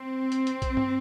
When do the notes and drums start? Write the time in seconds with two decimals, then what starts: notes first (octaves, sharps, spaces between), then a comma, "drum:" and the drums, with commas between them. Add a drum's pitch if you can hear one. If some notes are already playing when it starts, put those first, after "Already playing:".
Already playing: C4
0.32 drum: hi-hat
0.47 drum: hi-hat
0.62 drum: kick A#1, hi-hat
0.77 drum: tom G2